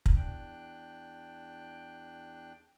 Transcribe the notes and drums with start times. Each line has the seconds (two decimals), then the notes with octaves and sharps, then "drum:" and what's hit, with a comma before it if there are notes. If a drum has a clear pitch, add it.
0.06 drum: kick
0.15 E2 D4 G5 F#6